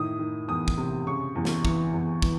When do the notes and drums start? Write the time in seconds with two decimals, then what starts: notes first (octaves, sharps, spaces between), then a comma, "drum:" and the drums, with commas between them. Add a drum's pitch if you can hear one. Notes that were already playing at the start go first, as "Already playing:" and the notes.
Already playing: A2 D#3 D#6
0.19 D#3
0.48 E2 D#6
0.68 drum: kick
0.78 C3
1.07 C#3 C#6
1.35 E2
1.45 drum: snare
1.65 E3 C#6, drum: kick
1.94 E2
2.22 E3, drum: kick